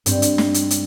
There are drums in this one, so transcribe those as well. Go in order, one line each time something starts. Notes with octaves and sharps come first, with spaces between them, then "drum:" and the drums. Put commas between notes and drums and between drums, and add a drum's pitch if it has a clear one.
G2 C4, drum: hi-hat
drum: hi-hat
drum: snare
drum: hi-hat
drum: hi-hat